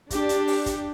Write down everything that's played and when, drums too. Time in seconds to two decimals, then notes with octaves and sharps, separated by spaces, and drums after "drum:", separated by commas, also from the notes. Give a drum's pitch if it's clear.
0.10 D4 G4, drum: kick, hi-hat
0.29 drum: hi-hat
0.48 drum: open hi-hat
0.66 drum: kick, hi-hat